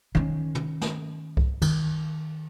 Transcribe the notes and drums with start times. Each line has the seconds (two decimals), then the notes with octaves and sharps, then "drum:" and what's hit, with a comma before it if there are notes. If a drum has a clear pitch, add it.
0.15 D#3 C#4
0.55 drum: tom
0.81 drum: snare
1.37 drum: kick C2
1.62 D#3, drum: cymbal